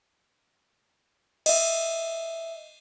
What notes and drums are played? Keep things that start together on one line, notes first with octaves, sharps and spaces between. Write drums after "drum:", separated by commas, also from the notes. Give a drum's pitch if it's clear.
D#5 E5, drum: cymbal